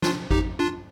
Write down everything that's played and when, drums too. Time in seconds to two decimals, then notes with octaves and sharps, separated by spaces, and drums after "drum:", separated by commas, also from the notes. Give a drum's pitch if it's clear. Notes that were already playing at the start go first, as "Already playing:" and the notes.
0.02 D4 F4, drum: snare
0.31 D#4 G4, drum: kick G#1
0.59 D4 F4